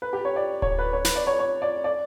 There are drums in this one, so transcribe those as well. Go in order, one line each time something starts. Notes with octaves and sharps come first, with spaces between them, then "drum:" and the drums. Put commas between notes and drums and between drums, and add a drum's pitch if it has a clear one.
B4
G4
C#5
D5
C#5, drum: kick D1
B4
C#5
B4, drum: snare
D5
C#5
C#5
D5
D5